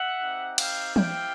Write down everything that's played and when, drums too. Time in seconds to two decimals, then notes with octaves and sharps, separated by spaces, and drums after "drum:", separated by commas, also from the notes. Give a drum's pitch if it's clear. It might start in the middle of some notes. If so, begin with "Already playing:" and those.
Already playing: E5 F#5
0.20 C4 D#4 G4
0.58 F5 G5, drum: cymbal
0.96 C4 E4 G4 F5 G5, drum: tom